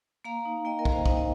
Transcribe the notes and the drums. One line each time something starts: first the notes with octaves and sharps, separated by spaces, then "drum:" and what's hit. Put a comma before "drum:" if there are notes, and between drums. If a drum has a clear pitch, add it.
A#3 F5 A#5
D#4
A#3 D#5 G5
A#4 D#5
A#3, drum: kick
C5 F5
D#4 D#5 G5, drum: kick
D#5